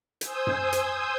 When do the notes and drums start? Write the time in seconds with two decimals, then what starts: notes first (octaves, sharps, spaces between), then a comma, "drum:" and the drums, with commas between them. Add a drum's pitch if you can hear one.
0.21 C5 G#5 D#6 E6 G6, drum: hi-hat
0.47 drum: tom F#2
0.73 drum: hi-hat